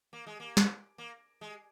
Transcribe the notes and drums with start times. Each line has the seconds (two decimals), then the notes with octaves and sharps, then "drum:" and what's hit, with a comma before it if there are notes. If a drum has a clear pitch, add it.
0.13 A#3
0.27 G#3
0.40 A#3
0.57 drum: snare
0.98 A#3
1.41 G#3